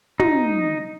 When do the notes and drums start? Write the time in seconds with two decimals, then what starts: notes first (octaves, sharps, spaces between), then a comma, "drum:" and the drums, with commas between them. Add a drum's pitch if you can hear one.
0.20 D#4, drum: tom